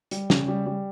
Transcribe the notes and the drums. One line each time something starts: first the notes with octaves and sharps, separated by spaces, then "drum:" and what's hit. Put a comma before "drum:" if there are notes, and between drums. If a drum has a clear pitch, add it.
G3, drum: hi-hat
C#3, drum: snare
G3
G3